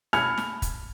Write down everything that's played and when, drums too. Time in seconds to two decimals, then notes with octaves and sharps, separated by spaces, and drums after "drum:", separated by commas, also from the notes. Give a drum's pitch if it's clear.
0.13 A5 B5 F6 G#6 C#7 F7, drum: snare
0.38 drum: snare
0.62 drum: kick, hi-hat